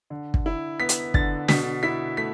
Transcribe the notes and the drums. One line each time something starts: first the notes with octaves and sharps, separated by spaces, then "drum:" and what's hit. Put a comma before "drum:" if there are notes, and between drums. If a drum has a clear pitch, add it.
D3
drum: kick
E4
B3 B6
drum: hi-hat
D3 A6, drum: kick
B2 B6, drum: snare
E4 B6
A3 B6